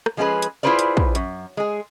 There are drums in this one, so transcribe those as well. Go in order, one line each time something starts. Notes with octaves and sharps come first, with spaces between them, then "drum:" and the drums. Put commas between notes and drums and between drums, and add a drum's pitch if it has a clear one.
drum: rim click
F3 G#3 C#4 F4 G#4 B4
drum: hi-hat
E4 F4 G#4 B4 C5 D5
drum: hi-hat
drum: kick
F#2, drum: hi-hat
G#3 G#4